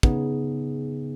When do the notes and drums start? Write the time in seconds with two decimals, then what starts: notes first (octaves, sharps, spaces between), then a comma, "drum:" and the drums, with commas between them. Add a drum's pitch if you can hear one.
0.03 C#3 B3 D#4 G#4, drum: kick